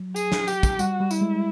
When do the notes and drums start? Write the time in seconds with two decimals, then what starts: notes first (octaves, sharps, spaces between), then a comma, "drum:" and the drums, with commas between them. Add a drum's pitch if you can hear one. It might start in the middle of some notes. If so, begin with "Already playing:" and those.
Already playing: F#3
0.16 G#4, drum: tambourine
0.32 drum: snare
0.48 G4, drum: tambourine
0.63 drum: kick, tambourine
0.79 G3 F#4, drum: tambourine
1.00 G3
1.11 E4, drum: tambourine
1.21 G#3